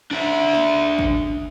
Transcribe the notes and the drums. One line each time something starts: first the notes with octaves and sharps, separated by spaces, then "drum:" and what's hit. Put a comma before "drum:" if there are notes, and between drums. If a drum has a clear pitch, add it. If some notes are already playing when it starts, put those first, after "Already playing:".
D4 E5
drum: snare
drum: kick